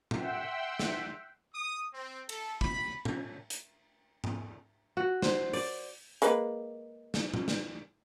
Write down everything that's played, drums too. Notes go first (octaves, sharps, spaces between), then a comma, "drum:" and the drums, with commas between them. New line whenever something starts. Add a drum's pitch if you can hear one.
E5 F#5 G5 C6 E6, drum: tom A2
drum: snare
D#6
C4
A4, drum: cymbal
B5, drum: kick
drum: tom A2
drum: hi-hat
drum: tom G#2
F#4
C5, drum: snare
D5, drum: open hi-hat
G#3 A#3 B4, drum: hi-hat
drum: snare
drum: tom A2
drum: snare